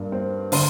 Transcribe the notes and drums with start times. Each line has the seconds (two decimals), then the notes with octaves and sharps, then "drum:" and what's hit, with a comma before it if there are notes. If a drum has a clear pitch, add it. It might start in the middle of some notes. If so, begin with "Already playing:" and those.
Already playing: G2 A#3
0.12 C4
0.52 D3 C6, drum: open hi-hat